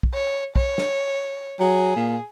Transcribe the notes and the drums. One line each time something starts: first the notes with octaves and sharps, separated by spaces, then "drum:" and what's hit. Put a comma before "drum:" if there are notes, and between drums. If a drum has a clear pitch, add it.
drum: kick
C#5
C#5, drum: kick
drum: snare
F#3 G#4
A#2